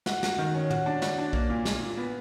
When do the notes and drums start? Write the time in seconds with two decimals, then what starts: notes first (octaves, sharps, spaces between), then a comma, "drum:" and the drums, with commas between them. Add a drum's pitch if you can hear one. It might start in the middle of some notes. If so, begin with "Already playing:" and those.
0.06 F#4, drum: snare
0.23 F#4, drum: snare
0.38 D#3
0.55 C#4
0.70 F#4, drum: tom
0.86 D4
1.02 F#4, drum: snare
1.18 D4
1.33 A#3, drum: kick B1
1.50 A#2
1.65 A#2, drum: snare
1.81 A#2
1.97 B3